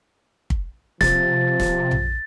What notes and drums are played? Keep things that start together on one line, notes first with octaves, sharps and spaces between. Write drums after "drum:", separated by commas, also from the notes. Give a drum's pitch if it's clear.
drum: kick
C3 F3 A6, drum: snare
drum: snare
drum: tom A#1